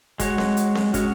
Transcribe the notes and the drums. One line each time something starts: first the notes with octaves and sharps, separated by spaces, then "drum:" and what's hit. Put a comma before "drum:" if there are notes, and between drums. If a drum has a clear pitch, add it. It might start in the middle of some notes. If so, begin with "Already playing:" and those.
G#3 F#4 C#5, drum: kick, hi-hat
drum: snare C4
drum: hi-hat
drum: snare C4
G#3 C#4 F#4 C#5, drum: kick, hi-hat